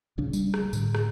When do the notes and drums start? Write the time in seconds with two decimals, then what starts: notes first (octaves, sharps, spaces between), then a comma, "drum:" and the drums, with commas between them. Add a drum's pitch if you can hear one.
0.18 D#1 A#1 C#3 D4
0.33 G3, drum: tambourine
0.54 drum: rim click
0.73 A2 D3, drum: tambourine
0.95 drum: rim click